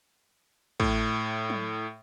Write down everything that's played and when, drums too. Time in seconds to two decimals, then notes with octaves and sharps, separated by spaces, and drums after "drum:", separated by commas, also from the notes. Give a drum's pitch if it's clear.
0.80 A2, drum: kick
1.50 drum: tom